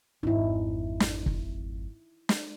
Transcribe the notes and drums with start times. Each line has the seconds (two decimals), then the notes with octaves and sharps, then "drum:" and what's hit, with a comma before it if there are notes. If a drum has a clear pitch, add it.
0.23 G#1 F2 D#4 E4
1.00 drum: snare
1.26 drum: kick
2.29 drum: snare